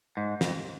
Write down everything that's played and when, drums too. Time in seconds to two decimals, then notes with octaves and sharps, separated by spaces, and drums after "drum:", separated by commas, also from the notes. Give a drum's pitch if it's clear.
0.17 G#2
0.41 F2, drum: snare